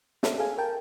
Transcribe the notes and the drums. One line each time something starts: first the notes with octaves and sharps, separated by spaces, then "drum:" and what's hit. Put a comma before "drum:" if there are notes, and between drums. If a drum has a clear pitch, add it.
A4 C#5 E5, drum: snare
G#4 A4 F5 G#5
A#4 G5 A5